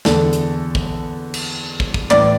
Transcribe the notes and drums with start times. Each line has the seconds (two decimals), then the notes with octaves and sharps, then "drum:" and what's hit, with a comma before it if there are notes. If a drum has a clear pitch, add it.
0.05 E2 D3 A4, drum: snare
0.33 drum: hi-hat
0.75 drum: kick
1.34 drum: cymbal
1.80 drum: kick
1.94 drum: kick
2.11 A2 E3 D5, drum: clap